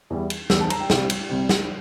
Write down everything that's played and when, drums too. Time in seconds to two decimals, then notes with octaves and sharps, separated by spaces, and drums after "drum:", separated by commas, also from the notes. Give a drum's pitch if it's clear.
0.10 E2 E3 G3
0.30 drum: cymbal
0.50 E2 E3 G3 E6, drum: snare
0.60 A5
0.70 A#5, drum: cymbal
0.80 G5
0.90 C2 C3 G3, drum: snare
1.10 drum: cymbal
1.29 C2 C3 G3
1.49 drum: snare